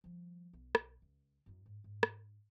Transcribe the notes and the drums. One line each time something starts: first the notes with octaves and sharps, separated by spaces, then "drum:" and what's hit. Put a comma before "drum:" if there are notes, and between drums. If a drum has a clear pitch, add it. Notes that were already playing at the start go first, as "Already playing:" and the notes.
F3 G3
B1
drum: rim click
C#2
F#2 E4
G#2
G#2
drum: rim click